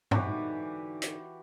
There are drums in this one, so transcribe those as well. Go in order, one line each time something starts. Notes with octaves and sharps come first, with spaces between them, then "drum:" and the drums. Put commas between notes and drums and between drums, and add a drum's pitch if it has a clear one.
G#2 D3 E3 D#4 F#4 G4, drum: tom G2
drum: hi-hat